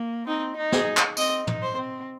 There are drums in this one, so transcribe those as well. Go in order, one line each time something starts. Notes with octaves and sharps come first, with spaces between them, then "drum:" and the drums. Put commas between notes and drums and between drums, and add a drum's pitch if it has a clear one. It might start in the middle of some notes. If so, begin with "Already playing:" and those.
Already playing: A#3
C4 D#4
D#4
G#4, drum: snare
drum: clap
C4 D#5, drum: tambourine
D#4, drum: tom
C5
C4